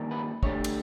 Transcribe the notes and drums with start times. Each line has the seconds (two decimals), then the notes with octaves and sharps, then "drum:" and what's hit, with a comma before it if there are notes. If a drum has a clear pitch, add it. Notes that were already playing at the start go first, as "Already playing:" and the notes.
Already playing: G2 D#3 G3 A#3
0.11 B4
0.43 D2 D3 G3 C#5, drum: kick
0.64 drum: cymbal